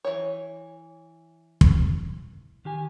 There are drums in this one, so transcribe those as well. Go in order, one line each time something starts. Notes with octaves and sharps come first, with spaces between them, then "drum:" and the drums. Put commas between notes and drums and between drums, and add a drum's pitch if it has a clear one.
E3 C#5
drum: kick
D#3 G4 G#5